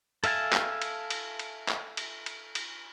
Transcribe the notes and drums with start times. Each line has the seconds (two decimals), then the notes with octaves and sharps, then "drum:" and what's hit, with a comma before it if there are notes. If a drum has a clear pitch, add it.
0.24 A4 E5 F5 G#5 A5, drum: cymbal
0.53 drum: clap
0.82 drum: cymbal
1.10 drum: cymbal
1.39 drum: cymbal
1.68 drum: clap
1.97 drum: cymbal
2.26 drum: cymbal
2.55 drum: cymbal